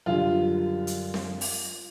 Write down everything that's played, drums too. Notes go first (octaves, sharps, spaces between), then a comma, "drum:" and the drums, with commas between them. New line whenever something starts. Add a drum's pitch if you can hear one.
F#2 D3 G3 F4
drum: hi-hat
drum: snare C4
drum: open hi-hat